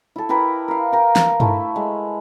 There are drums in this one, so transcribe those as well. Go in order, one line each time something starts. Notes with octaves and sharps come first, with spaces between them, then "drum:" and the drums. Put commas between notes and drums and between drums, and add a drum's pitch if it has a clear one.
E4 A4
E4 G4 A#4 B4
A#4 F5
A#4 G5
drum: snare
A3 E4, drum: tom G2
G#3